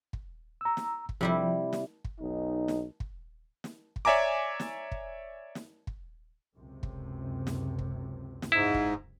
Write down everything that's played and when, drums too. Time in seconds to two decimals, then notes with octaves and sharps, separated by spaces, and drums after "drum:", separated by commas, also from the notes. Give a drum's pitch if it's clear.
0.13 drum: kick
0.61 A#5 E6
0.77 drum: snare
1.09 drum: kick
1.21 C3 F3 G3 E4
1.73 drum: snare
2.05 drum: kick
2.20 B1 D#4
2.68 drum: snare
3.00 drum: kick
3.64 drum: snare
3.96 drum: kick
4.05 C#5 D5 E5 G#5 A#5 D6
4.60 drum: snare
4.92 drum: kick
5.55 drum: snare
5.87 drum: kick
6.59 C#2 F#2 C3
6.83 drum: kick
7.47 drum: snare
7.79 drum: kick
8.42 drum: snare
8.52 G#2 E4
8.74 drum: kick